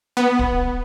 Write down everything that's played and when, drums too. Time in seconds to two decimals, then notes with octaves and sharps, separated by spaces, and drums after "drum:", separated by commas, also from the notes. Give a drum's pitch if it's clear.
0.17 B3
0.39 drum: kick